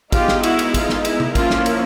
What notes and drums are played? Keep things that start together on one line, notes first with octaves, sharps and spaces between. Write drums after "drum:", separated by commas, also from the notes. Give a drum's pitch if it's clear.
G#3 B3 D#4 F4 G4, drum: kick, cymbal
drum: snare
E4 F#4, drum: cymbal
drum: cymbal
F4, drum: kick, cymbal
drum: snare
E4, drum: cymbal
drum: tom C3
F3 A#3 C#4 E4 F4, drum: kick, cymbal
drum: snare
drum: cymbal